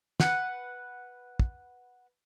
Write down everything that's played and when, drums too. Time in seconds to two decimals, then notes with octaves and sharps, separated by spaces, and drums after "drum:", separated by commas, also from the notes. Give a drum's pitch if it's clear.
0.20 B4 F#5, drum: snare
1.40 drum: kick